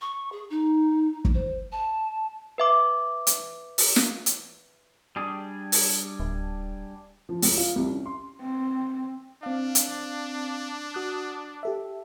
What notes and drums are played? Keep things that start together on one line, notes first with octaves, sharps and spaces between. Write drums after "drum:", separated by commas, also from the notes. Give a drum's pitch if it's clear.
C#6
G#4
D#4
drum: kick
C5
A5
B4 E5 D6
drum: hi-hat
drum: open hi-hat
drum: snare
drum: hi-hat
G3 D4 G#4
drum: open hi-hat
D1
F3
C#2, drum: open hi-hat
F4
C2
C#4
C6
C4
C4 D4 F5
drum: hi-hat
F#4 D#6 F#6
G4 A4 E5